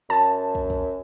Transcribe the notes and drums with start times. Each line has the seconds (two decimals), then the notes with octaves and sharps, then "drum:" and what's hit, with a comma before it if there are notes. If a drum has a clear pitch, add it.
0.10 F#2 A5
0.55 drum: kick
0.70 drum: kick